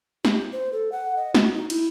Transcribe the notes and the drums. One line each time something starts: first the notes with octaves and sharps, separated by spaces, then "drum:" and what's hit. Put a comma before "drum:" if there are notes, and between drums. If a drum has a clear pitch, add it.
G4, drum: snare
C5
A4
F#5
D#5
F#4, drum: snare
D#4
E4, drum: cymbal